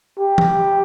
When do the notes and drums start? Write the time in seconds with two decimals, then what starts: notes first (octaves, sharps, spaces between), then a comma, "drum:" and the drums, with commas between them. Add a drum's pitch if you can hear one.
0.19 G4
0.38 drum: tom E3